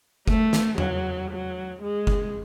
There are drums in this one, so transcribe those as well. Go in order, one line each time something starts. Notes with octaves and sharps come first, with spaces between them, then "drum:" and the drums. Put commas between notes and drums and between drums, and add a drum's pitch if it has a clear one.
A3, drum: kick F#1
drum: snare
F#3, drum: tom E2
F#3
G#3
drum: kick F#1